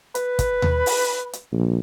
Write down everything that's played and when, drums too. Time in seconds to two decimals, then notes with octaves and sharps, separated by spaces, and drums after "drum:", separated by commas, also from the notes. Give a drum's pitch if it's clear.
0.15 B4, drum: hi-hat
0.39 drum: kick, hi-hat
0.62 drum: tom D#2
0.86 drum: open hi-hat
1.33 drum: hi-hat
1.52 A#1